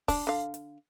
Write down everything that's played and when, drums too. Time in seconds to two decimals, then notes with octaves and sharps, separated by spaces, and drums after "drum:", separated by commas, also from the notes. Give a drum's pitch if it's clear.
0.08 D4, drum: kick, open hi-hat
0.27 D3 F5
0.54 drum: hi-hat